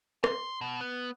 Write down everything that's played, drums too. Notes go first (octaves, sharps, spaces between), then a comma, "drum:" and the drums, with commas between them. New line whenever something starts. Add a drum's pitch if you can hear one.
C6, drum: rim click
B2
B3